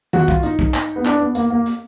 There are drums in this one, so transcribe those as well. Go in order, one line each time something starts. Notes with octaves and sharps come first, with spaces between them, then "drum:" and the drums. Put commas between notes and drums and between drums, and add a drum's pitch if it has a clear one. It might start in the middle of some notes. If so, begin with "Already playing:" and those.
F#4, drum: tom D#3
F4, drum: kick
D#4, drum: hi-hat
drum: kick
drum: clap
B3
D4, drum: clap
B3
A#3, drum: hi-hat
A#3
drum: hi-hat